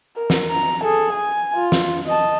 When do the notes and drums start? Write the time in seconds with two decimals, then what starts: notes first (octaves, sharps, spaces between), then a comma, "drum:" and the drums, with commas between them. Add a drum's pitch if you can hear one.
0.17 A#4
0.30 drum: snare
0.51 A#5
0.84 G#4 A4
1.13 G#5
1.55 F4
1.72 drum: snare
2.06 D#5 A5